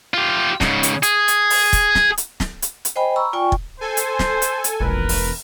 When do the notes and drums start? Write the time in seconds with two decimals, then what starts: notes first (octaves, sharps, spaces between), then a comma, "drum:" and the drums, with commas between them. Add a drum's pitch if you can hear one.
0.14 F4 G4
0.61 G#2 C#3, drum: snare
0.83 drum: hi-hat
1.03 G#4, drum: hi-hat
1.28 drum: hi-hat
1.50 drum: open hi-hat
1.73 drum: kick, hi-hat
1.95 drum: snare
2.18 drum: hi-hat
2.40 drum: snare
2.62 drum: hi-hat
2.85 drum: hi-hat
2.96 C5 D#5 G5 G#5 B5
3.16 A#5 B5 C#6 E6
3.33 F4 D5 G5 G#5 C#6
3.52 drum: kick
3.81 A4 C5 G#5
3.97 drum: hi-hat
4.19 drum: snare
4.42 drum: hi-hat
4.64 drum: hi-hat
4.80 E1 A#1 A#4 B4
5.09 drum: open hi-hat